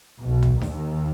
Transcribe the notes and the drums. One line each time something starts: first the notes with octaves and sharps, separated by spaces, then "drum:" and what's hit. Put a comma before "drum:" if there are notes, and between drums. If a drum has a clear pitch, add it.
B1 B2
drum: tom D2
D#2 D#3, drum: snare D4